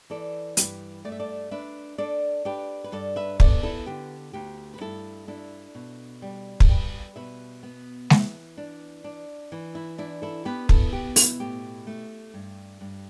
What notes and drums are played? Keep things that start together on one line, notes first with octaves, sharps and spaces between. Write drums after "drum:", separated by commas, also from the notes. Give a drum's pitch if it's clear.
E3 A4 D5
G2 G4 B4, drum: hi-hat
A3 D5
E5
A4 D5
D4 B4 E5
D4 A4 D5
D4 G4 B4
B4
G2 A4 D5
B4 E5
B3 A4 D5, drum: kick
E4 A4
D3 G4
D2 G4
B4
G2 E4 A4
D4 E4 A4
B2
G3
A4, drum: kick
G3 G4 B4
B2 B4 E5
B3
E3, drum: snare G#3
D4
D4
E3
E4
D4 E4
E4 A4
B3 G4 B4
E4 A4, drum: kick
B2 G4
E4, drum: open hi-hat
A2 G4
A3
G2
G2